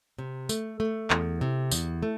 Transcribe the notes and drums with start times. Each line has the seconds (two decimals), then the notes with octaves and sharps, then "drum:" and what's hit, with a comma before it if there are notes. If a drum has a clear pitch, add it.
0.18 C3
0.49 A3, drum: tambourine
0.80 A3
1.10 E2, drum: clap
1.41 C3
1.72 E2, drum: tambourine
2.03 A3